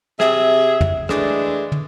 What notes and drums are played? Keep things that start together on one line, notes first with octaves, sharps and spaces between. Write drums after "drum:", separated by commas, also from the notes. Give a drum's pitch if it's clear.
C3 G#4 E5, drum: rim click
drum: tom
E3 G#3 A3 D4, drum: rim click
drum: tom